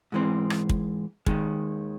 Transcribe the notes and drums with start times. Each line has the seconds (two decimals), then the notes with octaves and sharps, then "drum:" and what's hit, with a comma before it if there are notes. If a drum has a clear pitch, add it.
0.12 G#2 E3 G#3 C4
0.50 drum: rim click
0.69 drum: kick
1.26 D#2 D#3 G#3, drum: kick